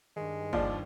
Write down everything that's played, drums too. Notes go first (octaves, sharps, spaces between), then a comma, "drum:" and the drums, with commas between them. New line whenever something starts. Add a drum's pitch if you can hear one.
G2 D#3 G#3
D#2 F3 D4 D5, drum: kick F#1